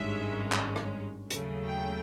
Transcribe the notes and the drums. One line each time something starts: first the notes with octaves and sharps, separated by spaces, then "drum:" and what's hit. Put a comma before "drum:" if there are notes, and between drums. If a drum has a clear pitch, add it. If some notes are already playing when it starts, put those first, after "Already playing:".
Already playing: G#1 G2 D#3 G#3 C#4 E5
drum: clap
drum: rim click
D#2 C#3 F#3 A3, drum: hi-hat
G5